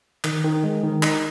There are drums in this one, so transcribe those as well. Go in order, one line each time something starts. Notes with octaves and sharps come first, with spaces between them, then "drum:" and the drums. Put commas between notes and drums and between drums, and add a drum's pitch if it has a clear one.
D#3, drum: clap
D#3
G#3
D#3
D#4, drum: clap